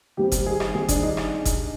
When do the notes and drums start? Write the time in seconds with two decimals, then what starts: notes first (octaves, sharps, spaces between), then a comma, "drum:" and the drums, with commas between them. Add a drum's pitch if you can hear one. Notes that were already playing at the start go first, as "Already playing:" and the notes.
0.17 D#3 G3 C4 G4
0.32 drum: kick F#1, hi-hat
0.46 G#4
0.60 drum: rim click
0.74 D#3 G3 C4 G#4
0.88 D4, drum: kick F#1, hi-hat
1.03 D#4
1.17 drum: rim click
1.45 drum: kick F#1, hi-hat